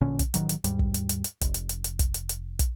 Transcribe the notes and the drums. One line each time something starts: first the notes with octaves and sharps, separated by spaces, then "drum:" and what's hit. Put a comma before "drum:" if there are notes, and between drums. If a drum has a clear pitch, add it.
A1 A#2 D3 C#4
drum: kick, hi-hat
A1 A2 D#3 F#3, drum: hi-hat
drum: hi-hat
D#2 G#2 G3, drum: hi-hat
drum: kick
drum: hi-hat
drum: hi-hat
drum: hi-hat
F1, drum: kick, hi-hat
drum: hi-hat
drum: hi-hat
drum: hi-hat
drum: kick, hi-hat
drum: hi-hat
drum: hi-hat
drum: kick, hi-hat